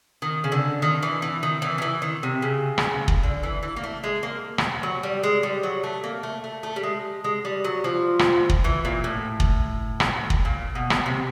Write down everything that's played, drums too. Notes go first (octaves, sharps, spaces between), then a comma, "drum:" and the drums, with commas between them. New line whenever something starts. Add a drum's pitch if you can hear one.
D#3
C#3
D3
D#3
E3
E3
D#3
E3
D#3
E3
D#3
C3
C#3
drum: rim click
drum: kick
D3
E3
E3
A#3
A3
G#3
A#3
drum: rim click
F#3
G3
G#3
G3
F#3
A3
A#3
A3
A3
A3
G3
G#3
G#3
G3
F#3
F3
drum: rim click
drum: kick
E3
A#2
A2
drum: kick
drum: rim click
drum: kick
A#2
B2
drum: rim click
C3